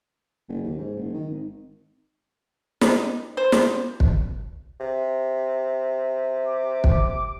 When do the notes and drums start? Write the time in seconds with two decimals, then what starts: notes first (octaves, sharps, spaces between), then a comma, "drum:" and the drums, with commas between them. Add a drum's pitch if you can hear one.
0.49 F#1
0.63 D#2
0.79 G#2
0.97 F#1
1.14 D#3
1.30 G#1
2.81 D#4, drum: snare
3.37 C5
3.52 drum: snare
4.00 drum: kick
4.80 C3
6.45 D6
6.84 drum: kick